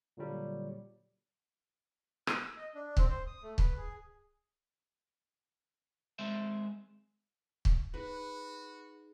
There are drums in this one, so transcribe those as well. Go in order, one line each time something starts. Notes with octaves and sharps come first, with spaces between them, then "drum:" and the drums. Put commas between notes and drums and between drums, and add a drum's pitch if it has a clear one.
A#2 D3 F#3 G3 A#3
F#6, drum: rim click
E6
D#5
D4
C4, drum: kick
C5
D#6
A3
B4, drum: kick
G#4
G#3 C4 E5
drum: kick
D#4 F#4 G#4 B4